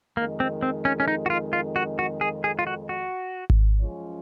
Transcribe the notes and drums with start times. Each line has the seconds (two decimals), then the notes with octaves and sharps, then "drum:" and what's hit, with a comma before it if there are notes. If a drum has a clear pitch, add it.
0.17 F2 D#3 G#3 A#3
0.40 C4
0.62 C4
0.85 C#4
1.00 C#4
1.08 D#4
1.26 F#4
1.30 F4
1.53 F4
1.76 F#4
1.99 F#4
2.21 G#4
2.44 G#4
2.59 F4
2.67 F#4
2.89 F#4
3.50 drum: kick G#1
3.80 F#2 F3 G#3 C#4